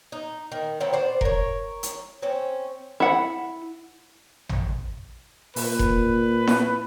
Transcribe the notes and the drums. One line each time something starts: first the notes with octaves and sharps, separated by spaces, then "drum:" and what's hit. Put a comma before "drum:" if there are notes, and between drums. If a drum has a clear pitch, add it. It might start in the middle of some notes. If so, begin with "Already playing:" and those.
D#4
D#3
D#3 C4 E4 C#5
B3 C5 D5
A#4 C#5, drum: kick F1
drum: hi-hat
C4 C#4
E4 F#5
drum: tom
A#2 B4, drum: open hi-hat
drum: kick F1
drum: snare E4